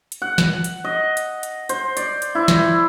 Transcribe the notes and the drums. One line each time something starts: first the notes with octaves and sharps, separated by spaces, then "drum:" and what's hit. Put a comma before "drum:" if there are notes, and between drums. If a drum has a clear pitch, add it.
drum: hi-hat
F#5
drum: snare
drum: hi-hat
D#5
drum: hi-hat
drum: hi-hat
C5, drum: hi-hat
D5, drum: hi-hat
drum: hi-hat
E4
drum: snare